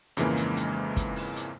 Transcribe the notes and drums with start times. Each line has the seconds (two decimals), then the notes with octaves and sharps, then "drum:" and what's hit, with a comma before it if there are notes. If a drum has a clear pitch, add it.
0.17 F2 G#2 C#3 E3 G#3 A#3, drum: hi-hat
0.37 drum: hi-hat
0.57 drum: hi-hat
0.97 drum: kick, hi-hat
1.16 drum: open hi-hat
1.36 drum: hi-hat